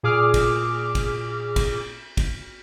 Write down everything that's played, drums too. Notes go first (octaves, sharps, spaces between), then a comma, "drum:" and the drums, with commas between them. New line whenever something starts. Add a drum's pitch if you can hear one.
A#2 G#4 D6 F6
drum: kick, cymbal
drum: kick, cymbal
drum: kick, cymbal
drum: kick, cymbal